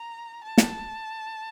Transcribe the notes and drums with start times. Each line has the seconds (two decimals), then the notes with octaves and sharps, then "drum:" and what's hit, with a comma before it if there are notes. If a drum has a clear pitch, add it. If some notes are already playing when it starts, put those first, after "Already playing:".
Already playing: A#5
0.43 A5
0.58 drum: snare